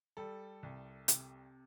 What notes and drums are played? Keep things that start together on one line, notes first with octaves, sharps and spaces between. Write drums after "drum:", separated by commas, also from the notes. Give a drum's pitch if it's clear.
G3 A4
C2
C3, drum: hi-hat